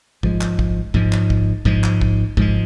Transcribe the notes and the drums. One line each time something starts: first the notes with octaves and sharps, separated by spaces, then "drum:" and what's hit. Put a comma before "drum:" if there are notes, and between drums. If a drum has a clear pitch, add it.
G#2 F3 G#3, drum: kick
drum: clap
drum: kick
G#2 F3 G#3, drum: kick
drum: clap
drum: kick
G#2 F3 G#3, drum: kick
drum: clap
drum: kick
G#2 F3 G#3, drum: kick